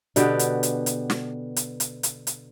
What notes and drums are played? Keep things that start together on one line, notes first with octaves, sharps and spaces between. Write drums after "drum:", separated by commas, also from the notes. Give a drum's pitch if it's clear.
B2 D3 B3 G4, drum: hi-hat
drum: hi-hat
drum: hi-hat
drum: hi-hat
drum: snare
drum: hi-hat
drum: hi-hat
drum: hi-hat
drum: hi-hat